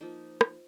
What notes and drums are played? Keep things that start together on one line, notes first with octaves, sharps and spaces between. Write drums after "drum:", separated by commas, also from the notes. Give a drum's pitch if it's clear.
F3 A#3 D#4
drum: rim click